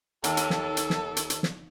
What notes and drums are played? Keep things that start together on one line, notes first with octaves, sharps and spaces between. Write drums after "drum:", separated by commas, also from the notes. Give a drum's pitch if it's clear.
D#2 A4, drum: hi-hat
drum: hi-hat
drum: snare
drum: hi-hat
drum: snare
drum: hi-hat
drum: hi-hat
drum: snare